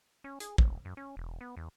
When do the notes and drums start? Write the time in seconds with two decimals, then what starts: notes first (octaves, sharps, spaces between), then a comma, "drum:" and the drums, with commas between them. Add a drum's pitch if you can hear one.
0.24 C#4
0.40 G#4, drum: hi-hat
0.58 E1, drum: kick
0.85 F#2
0.97 C#4
1.17 E1
1.41 B3
1.57 E2